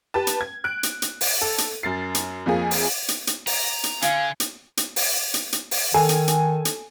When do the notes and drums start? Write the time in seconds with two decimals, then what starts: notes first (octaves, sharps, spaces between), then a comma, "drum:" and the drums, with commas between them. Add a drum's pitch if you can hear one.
0.14 G4 B4 A5
0.27 drum: hi-hat
0.41 G#6
0.64 F#6 D7
0.83 drum: hi-hat
1.02 drum: hi-hat
1.21 drum: open hi-hat
1.41 A4
1.58 drum: hi-hat
1.83 F#2 A6 C7
2.15 drum: hi-hat
2.46 F2 F3 A#3 G#4
2.71 drum: open hi-hat
3.08 drum: hi-hat
3.27 drum: hi-hat
3.47 A#5, drum: open hi-hat
3.84 drum: hi-hat
4.02 D3 F5 G#5, drum: hi-hat
4.40 drum: hi-hat
4.77 drum: hi-hat
4.96 drum: open hi-hat
5.34 drum: hi-hat
5.52 drum: hi-hat
5.71 drum: open hi-hat
5.94 D#3 A4 G#5
6.09 drum: hi-hat
6.28 drum: hi-hat
6.65 drum: hi-hat